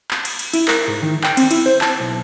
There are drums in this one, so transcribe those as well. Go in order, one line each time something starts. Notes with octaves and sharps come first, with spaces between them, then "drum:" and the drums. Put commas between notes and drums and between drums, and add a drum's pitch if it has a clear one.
drum: clap
drum: cymbal
drum: cymbal
E4, drum: cymbal
A#4, drum: clap
G#2
D#3
G5, drum: clap
C4, drum: cymbal
E4, drum: cymbal
C5
A5, drum: clap
B1